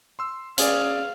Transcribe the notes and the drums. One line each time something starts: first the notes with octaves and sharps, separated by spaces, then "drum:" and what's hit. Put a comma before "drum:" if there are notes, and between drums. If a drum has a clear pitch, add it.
C6 E6
C#4 G#4 D5 F5, drum: hi-hat